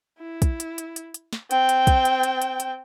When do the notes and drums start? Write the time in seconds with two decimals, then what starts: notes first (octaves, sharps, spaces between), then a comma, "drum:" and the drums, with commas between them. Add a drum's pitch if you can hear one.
0.19 E4
0.42 drum: kick, hi-hat
0.60 drum: hi-hat
0.78 drum: hi-hat
0.96 drum: hi-hat
1.14 drum: hi-hat
1.33 drum: snare
1.51 C4 G5, drum: hi-hat
1.69 drum: hi-hat
1.87 drum: kick, hi-hat
2.05 drum: hi-hat
2.23 drum: hi-hat
2.42 drum: hi-hat
2.60 drum: hi-hat